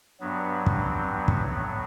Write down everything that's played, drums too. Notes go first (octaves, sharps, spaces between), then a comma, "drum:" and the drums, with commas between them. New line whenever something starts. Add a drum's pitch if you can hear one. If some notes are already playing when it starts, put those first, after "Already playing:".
G2 F#3 B3
drum: kick
C4
B3
drum: kick
A2 F#3